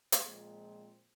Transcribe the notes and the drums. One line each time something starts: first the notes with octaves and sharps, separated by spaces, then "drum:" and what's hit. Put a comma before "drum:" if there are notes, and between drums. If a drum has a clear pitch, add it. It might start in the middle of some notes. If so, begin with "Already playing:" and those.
drum: hi-hat
A#2 F3 G#3 C4